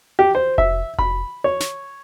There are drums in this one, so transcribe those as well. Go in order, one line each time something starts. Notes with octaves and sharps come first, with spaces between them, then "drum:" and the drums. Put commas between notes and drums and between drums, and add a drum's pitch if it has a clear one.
G4
C5
E5, drum: kick F1
B5, drum: kick F1
C#5
drum: snare